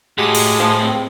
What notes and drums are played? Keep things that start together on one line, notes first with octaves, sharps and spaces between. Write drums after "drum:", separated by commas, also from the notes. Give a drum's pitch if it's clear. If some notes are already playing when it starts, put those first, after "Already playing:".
A2 G#3 F#4 G4
drum: open hi-hat
F3
C#2 C4